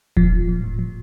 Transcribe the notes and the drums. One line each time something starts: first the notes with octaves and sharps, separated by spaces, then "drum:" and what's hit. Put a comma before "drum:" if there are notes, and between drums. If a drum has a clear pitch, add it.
A#2 F3, drum: kick E1
F3
A#2
A2
F3